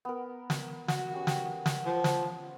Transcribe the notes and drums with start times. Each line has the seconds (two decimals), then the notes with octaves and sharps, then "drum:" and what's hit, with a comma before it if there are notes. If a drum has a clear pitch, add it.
0.05 B3 A#4
0.50 drum: snare
0.88 F#4 F#5, drum: snare
1.12 C#4 G4 F#5
1.27 drum: snare
1.66 drum: snare
1.86 F3
2.04 drum: snare